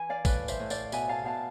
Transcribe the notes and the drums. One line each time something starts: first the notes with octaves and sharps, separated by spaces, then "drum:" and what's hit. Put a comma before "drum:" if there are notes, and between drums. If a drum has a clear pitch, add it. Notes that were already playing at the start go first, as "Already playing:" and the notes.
Already playing: E3 G#5
D5 F5
A2 B4 D5, drum: kick, tambourine
C5 E5, drum: tambourine
A2
D5 F5, drum: tambourine
B2 E5 G#5, drum: tambourine
F5 A5
B2 F5 A5